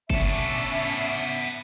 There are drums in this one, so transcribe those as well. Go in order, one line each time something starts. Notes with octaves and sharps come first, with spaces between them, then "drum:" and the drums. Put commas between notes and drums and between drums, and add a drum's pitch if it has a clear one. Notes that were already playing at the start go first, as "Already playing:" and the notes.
B3 C#4 D4 A4 E5, drum: kick F#1
drum: tom A#2